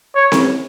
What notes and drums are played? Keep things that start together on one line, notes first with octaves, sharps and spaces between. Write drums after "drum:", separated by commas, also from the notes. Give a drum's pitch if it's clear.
C#5
drum: snare C4